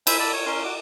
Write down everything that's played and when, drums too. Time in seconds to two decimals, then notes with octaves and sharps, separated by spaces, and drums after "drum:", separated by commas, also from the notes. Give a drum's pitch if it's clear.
0.07 C5 E5 G#5 B5, drum: cymbal
0.19 D5 A5 B5 E6
0.33 C#5
0.46 C#4 A#4 C6
0.64 F#4 D6